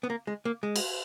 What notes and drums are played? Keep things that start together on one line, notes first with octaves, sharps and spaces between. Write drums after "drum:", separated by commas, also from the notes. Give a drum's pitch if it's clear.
B3
A#3
G#3
A#3
G#3
drum: cymbal